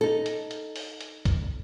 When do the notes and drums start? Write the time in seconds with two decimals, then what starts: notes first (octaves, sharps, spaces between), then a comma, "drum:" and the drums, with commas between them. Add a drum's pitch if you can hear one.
0.01 D#4 A4
0.26 drum: hi-hat
0.51 drum: hi-hat
0.76 drum: open hi-hat
1.01 drum: hi-hat
1.25 drum: kick B1, hi-hat